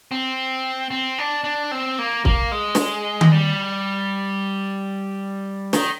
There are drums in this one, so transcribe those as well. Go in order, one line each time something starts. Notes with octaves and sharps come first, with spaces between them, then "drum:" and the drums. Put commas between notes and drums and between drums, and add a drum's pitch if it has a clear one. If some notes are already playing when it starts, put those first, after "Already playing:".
C4
C4
D4
D4
C4
A#3
A#3, drum: kick
G#3
drum: snare
drum: tom D#3
G3
D#3, drum: snare